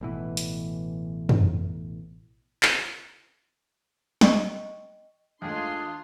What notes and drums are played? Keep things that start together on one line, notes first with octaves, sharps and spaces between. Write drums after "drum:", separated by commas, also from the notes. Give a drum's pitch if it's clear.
A1 B2 E3
drum: hi-hat
drum: tom
drum: clap
D#5 G5 C#6, drum: snare
D#2 G#3 A3 D4 F4 G#4 C6